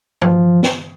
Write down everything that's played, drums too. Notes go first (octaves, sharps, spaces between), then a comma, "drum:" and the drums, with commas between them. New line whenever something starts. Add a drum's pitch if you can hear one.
F3, drum: tom
drum: snare